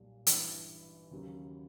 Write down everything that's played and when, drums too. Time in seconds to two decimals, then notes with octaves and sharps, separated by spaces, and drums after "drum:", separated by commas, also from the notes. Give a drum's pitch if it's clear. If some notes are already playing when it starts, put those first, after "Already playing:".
Already playing: B1 A#2 G3
0.27 A1 G2 E3, drum: hi-hat
1.11 D#2 C#3 F#3 A#3